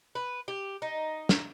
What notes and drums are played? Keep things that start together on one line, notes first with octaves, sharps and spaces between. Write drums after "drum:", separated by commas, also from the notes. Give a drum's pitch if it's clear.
B4
G4
D#4
drum: snare